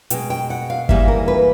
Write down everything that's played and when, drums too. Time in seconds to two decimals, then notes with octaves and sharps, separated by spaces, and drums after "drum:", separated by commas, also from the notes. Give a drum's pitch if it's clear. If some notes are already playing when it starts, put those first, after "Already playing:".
0.10 B2 G#3 G5, drum: hi-hat
0.30 G5
0.50 F#5
0.70 F5
0.89 G#2 E3 G3 A#3 E5, drum: kick G1
1.08 A#4
1.28 B4